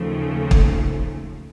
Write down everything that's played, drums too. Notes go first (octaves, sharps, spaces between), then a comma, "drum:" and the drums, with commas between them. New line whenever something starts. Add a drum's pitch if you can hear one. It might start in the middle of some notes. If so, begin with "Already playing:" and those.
Already playing: D#2 C#3 F3 A3
drum: kick